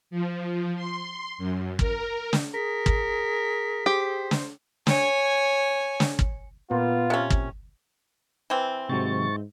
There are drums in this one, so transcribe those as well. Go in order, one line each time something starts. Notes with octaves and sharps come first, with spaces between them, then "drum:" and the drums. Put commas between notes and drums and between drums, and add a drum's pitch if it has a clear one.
F3
C6
F#2
A#4, drum: kick
drum: snare
G#4 A#4 B6
drum: kick
G4 C5
drum: snare
C#5 G#5, drum: snare
drum: snare
drum: kick
A#2 B3 F4
C3 C#4
drum: kick
E3 C4
G#2 C3 D#3 F#3 C#6 A6